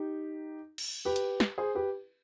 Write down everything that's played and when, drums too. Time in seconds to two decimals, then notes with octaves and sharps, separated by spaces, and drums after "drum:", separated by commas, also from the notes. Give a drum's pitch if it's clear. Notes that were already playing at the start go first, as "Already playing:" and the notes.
Already playing: D#4 G4
0.78 drum: cymbal
1.05 G4 B4
1.16 drum: hi-hat
1.40 drum: snare
1.58 G#4 C5
1.75 G4 B4